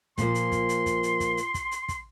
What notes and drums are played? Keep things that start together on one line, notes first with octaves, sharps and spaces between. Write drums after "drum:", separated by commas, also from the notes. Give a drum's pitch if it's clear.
A#2 F3 A#3 C6, drum: kick, hi-hat
drum: hi-hat
drum: kick, hi-hat
drum: hi-hat
drum: kick, hi-hat
drum: hi-hat
drum: kick, hi-hat
drum: hi-hat
drum: kick, hi-hat
drum: hi-hat
drum: kick, hi-hat